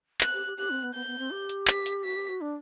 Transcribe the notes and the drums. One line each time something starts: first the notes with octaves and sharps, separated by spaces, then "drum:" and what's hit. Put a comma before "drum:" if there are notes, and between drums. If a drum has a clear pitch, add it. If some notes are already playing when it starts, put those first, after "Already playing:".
F#6, drum: clap
G4
G4
G4 F#6
C4
B3
B3 G6
B3
C4
G4
drum: hi-hat
B6, drum: clap
drum: hi-hat
F#4 B6
G4
F#4
D4